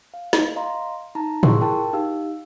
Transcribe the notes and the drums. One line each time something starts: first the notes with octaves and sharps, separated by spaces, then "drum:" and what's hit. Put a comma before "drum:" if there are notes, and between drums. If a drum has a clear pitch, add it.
F5
drum: snare
D#5 F5 A#5 C6
D#4 A5 A#5
E4 F4 G#4 C6 C#6 E6, drum: tom A2
F4 A#4 G5 A5
D#4 G4 F5 E6